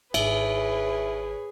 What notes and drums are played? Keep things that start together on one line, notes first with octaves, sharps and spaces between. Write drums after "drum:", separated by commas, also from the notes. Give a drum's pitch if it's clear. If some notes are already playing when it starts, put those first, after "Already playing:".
G#1 G#4 B4 C#5 E5, drum: cymbal